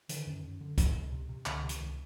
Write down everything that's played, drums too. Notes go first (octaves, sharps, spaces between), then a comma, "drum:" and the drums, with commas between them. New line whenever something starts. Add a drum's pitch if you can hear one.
D3 D#3, drum: hi-hat
F#2
F#2
D3
C3, drum: kick A#1, hi-hat
C#2
C3
C3
C#2 D3, drum: clap
C3
D#3, drum: hi-hat
C#2